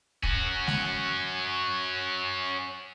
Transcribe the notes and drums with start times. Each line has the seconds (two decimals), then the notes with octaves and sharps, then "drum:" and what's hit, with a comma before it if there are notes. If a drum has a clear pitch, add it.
0.23 C#4 F#4, drum: kick
0.67 drum: snare G#3